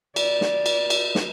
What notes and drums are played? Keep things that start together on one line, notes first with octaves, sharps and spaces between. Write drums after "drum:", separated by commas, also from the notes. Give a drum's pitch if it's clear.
D5, drum: cymbal
drum: snare
drum: cymbal
drum: cymbal
drum: snare